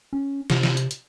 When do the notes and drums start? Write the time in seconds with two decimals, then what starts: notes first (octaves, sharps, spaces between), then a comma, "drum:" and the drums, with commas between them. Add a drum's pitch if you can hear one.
0.13 C#4
0.50 C3, drum: snare
0.63 drum: snare
0.77 drum: hi-hat
0.91 drum: hi-hat